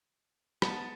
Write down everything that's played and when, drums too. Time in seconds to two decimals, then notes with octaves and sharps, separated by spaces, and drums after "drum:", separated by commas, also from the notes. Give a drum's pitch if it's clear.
0.62 G#3 B3 A5, drum: rim click